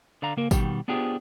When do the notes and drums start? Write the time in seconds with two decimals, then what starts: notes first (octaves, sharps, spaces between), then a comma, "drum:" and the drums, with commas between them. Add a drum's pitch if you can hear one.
0.22 D3 D5 F5 A#5
0.37 C#3 A#3 A#4
0.51 B2 D#3 G3 G4, drum: kick, tambourine
0.88 B3 D4 F4 G4 G#4 C5